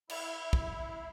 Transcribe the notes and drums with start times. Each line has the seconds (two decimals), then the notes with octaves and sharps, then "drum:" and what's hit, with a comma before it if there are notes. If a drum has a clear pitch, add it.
0.10 E4, drum: cymbal
0.53 drum: kick